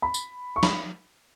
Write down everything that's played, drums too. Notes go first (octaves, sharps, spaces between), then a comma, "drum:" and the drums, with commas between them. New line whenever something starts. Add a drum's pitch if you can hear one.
B5
drum: tambourine
C#6
B5, drum: snare